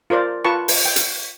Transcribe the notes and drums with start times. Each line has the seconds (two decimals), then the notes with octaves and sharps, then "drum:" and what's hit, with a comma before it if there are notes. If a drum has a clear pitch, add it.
0.10 F4 A#4 C5 D5
0.45 F4 B4 A5 C#6
0.68 drum: open hi-hat
0.85 G5
0.96 drum: hi-hat